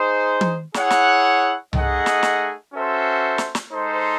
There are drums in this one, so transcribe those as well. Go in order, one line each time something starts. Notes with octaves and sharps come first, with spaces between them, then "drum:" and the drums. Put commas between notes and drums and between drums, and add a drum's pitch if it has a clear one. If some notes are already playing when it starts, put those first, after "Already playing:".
Already playing: D#4 G#4 C5
drum: tom
E4 G#4 C#5 F#5, drum: snare
drum: snare
A3 D#4 G#4 D#5 F#5, drum: tom C2
drum: snare
drum: snare
C#4 F#4 A4 C5 E5
drum: snare
drum: snare
G#3 D#4 A4 C5